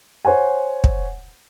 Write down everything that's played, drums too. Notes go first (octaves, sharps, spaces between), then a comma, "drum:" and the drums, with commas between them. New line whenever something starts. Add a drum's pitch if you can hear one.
C5 C#5 F#5 G#5
drum: kick